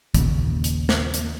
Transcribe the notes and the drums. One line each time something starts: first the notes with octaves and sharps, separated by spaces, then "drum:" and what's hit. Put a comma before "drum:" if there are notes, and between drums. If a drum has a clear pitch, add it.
D#2 A#2 C#3, drum: kick, hi-hat
drum: hi-hat
drum: snare
drum: hi-hat